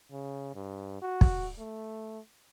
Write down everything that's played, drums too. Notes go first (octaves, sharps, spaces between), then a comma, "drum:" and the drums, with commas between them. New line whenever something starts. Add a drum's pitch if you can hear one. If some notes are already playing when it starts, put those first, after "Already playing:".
C#3
G2
F#4
drum: kick
A3